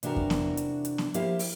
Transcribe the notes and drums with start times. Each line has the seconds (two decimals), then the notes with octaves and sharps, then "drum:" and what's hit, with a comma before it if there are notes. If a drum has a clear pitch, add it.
0.03 C3 E3 D4 F#4 A#4, drum: hi-hat
0.16 drum: kick F2
0.30 drum: snare B3
0.57 drum: hi-hat
0.85 drum: hi-hat
0.98 drum: snare B3
1.14 F3 A#3 E4 G4 C5 F5, drum: hi-hat
1.39 drum: open hi-hat